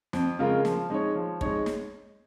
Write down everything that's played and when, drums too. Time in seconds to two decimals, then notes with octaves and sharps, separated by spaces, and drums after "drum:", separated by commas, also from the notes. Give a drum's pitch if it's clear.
0.13 F2, drum: snare
0.39 C#3 G#3 F4 A#4
0.65 F3, drum: snare
0.90 G#3 D#4 C#5
1.15 F3
1.41 G#3 D#4 C#5, drum: kick
1.66 drum: snare